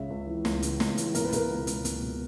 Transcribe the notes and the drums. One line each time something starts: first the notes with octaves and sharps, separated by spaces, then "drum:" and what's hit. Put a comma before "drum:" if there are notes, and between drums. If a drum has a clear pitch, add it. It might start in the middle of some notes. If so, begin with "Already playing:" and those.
Already playing: C#2 C#3 E5
C#2
E3
C#2, drum: snare
C#3, drum: hi-hat
C#2, drum: snare
E3, drum: hi-hat
B2 A#4, drum: hi-hat
B4
B2 A#4, drum: hi-hat
C#2
C#2, drum: hi-hat
B2, drum: hi-hat
B2